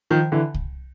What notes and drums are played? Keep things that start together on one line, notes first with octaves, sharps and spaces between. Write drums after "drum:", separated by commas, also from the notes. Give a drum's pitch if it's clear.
D#3 F3
D3 E3
drum: kick C2